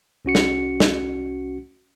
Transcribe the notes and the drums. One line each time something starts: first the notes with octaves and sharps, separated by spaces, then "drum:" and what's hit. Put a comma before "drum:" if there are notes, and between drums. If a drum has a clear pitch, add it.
C2 C#4 F#4 C#7
drum: snare
drum: snare